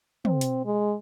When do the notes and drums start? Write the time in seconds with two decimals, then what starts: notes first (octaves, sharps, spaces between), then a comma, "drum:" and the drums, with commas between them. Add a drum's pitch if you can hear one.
0.25 C4, drum: tom
0.41 drum: hi-hat
0.65 G#3